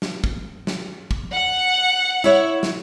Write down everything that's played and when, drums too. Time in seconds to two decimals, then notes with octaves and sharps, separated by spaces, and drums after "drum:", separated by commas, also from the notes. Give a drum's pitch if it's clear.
0.02 drum: snare
0.24 drum: kick
0.67 drum: snare
1.11 drum: kick
1.32 F#5
2.24 E4 C#5 E5
2.63 drum: snare